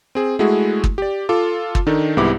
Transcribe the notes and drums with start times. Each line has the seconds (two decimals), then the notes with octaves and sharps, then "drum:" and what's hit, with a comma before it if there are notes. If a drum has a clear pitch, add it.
0.15 C4 G#4
0.39 G#3 A3 E4 F#4 G#4
0.84 drum: kick
0.98 G4 D5
1.29 F4 A4 D6
1.75 drum: kick
1.87 D#3 D4 D#4 A4
2.17 C2 G#2 B3 E4 G4 D6